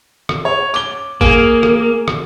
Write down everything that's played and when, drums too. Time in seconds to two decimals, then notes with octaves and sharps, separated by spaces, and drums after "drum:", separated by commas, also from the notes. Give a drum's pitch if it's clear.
0.29 drum: rim click
0.45 C#5
0.74 D6 G7, drum: tambourine
1.21 A#3 G#4, drum: kick G#1, tambourine
1.63 drum: rim click
2.08 drum: rim click